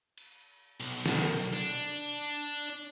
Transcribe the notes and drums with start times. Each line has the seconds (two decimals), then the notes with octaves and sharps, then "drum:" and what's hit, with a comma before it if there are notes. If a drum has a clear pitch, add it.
0.18 drum: cymbal
0.80 B1, drum: hi-hat
1.06 drum: snare
1.54 D4